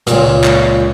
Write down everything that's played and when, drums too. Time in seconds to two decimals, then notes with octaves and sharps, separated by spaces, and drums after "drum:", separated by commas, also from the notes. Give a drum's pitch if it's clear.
0.07 C#2 A#2, drum: hi-hat
0.44 drum: clap